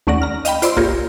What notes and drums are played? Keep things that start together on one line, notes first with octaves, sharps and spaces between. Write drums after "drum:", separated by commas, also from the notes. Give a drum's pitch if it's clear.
D#2 A3 C#4 D5 F#5 A#6
A#5 F6
D#5 F5 G5 B5, drum: hi-hat
F4 C5 D5 B5 C6 E6, drum: hi-hat
A#3 F4 G4 G#4 A#4 C#5, drum: kick